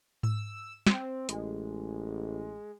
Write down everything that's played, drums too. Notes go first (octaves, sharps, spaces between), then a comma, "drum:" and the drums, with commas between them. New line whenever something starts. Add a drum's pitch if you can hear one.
E6, drum: tom G#2
C4, drum: snare
A1 G#3, drum: hi-hat